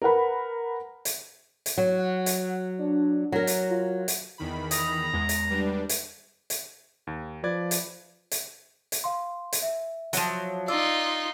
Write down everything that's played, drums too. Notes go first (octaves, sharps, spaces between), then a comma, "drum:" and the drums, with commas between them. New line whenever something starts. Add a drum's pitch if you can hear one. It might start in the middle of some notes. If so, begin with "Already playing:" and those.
A#4 B4 F#5 B5
drum: hi-hat
drum: hi-hat
F#3 C#5
F#5
drum: hi-hat
D4
F#3 A#4
drum: hi-hat
F4
drum: hi-hat
E2 D#3 B5
A#5 D#6, drum: hi-hat
E2 G#3
drum: hi-hat
G3 D4 B4
drum: hi-hat
drum: hi-hat
D#2
F3 B4 D5 G#6
drum: hi-hat
drum: hi-hat
drum: hi-hat
F5 C6
drum: hi-hat
E5
F3 F#3, drum: hi-hat
D#4 F4 D5 E6